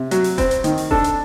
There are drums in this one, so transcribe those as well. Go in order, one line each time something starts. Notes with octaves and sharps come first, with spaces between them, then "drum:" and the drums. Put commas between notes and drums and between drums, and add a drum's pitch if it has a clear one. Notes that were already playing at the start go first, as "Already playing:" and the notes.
Already playing: C3
F#3, drum: hi-hat
drum: open hi-hat
C4, drum: kick E1, hi-hat
drum: hi-hat
D#3, drum: hi-hat
drum: open hi-hat
D4 A4, drum: kick E1
drum: hi-hat